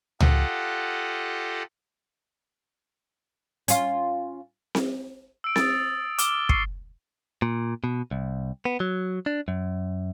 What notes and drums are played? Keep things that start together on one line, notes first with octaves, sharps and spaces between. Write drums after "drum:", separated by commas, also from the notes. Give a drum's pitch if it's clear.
F4 G4 A4 D#5 F#5, drum: tom C#2
C#4 F4, drum: hi-hat
drum: snare C4
E6 D7
D#6 A6, drum: snare C4
D6 F6 G7, drum: hi-hat
C#6 D6 C7 C#7, drum: kick
A#2
B2
C2
B3
F#3
D4
F#2